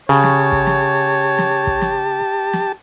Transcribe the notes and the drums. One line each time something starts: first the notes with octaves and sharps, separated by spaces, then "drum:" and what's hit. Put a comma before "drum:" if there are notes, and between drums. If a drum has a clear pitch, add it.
C#3 G4 C#5 A5
drum: snare
drum: kick
drum: snare
drum: snare
drum: kick
drum: snare
drum: snare